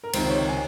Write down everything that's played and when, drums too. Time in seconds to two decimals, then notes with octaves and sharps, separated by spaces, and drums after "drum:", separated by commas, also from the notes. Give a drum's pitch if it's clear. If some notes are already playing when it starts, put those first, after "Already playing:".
0.04 A#4
0.14 C#2 C3 D#3 C5, drum: cymbal
0.29 C#5
0.49 G#5